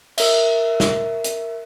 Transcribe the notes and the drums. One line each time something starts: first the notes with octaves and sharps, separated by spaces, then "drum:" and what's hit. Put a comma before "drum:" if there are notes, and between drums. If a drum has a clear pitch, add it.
A#4 E5, drum: cymbal
drum: snare
drum: hi-hat